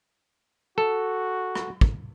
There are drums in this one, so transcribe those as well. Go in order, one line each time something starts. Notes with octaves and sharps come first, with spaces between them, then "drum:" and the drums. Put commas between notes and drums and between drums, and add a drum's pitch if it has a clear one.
F#4 A4
drum: rim click
drum: kick